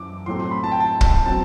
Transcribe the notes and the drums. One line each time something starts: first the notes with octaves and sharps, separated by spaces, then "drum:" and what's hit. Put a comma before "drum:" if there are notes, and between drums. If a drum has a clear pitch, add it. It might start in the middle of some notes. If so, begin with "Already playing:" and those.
Already playing: F#2 E3 D6
A2 F#3 A3 C4 C6
C6
B5
A5
G5
A5
drum: kick
B2 F#3 C4 A5